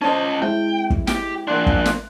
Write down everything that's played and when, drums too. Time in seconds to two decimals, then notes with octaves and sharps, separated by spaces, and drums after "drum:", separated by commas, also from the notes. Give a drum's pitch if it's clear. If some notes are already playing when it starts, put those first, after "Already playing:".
0.02 C#4 C5 C#5 D#5 A5
0.42 G#3 C4 E4 G5
0.90 drum: kick
1.07 G4, drum: snare
1.47 A#3 D4 C6 F#6
1.66 drum: kick
1.86 drum: snare